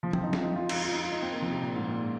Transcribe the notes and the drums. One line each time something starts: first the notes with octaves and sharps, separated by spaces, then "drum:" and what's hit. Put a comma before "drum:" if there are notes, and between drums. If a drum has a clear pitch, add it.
F3
C4, drum: tom
D#4
F4, drum: snare
D#4
F4
F4, drum: cymbal
F4
D#4
F4
D#4
C4
A#3
F3
C3
A#2
G#2
A#2